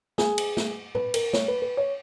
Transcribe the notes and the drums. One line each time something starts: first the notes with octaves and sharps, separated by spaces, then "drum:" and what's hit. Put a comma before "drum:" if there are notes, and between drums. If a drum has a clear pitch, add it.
G#4, drum: snare
drum: cymbal
drum: snare
B4, drum: tom A2
A#4, drum: cymbal
C#5, drum: snare
B4
B4
C#5